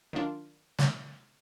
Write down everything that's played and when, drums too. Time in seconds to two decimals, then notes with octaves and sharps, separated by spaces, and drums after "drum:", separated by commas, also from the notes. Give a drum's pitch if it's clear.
0.13 D#3 F#3 A#3 D4 F4
0.79 drum: snare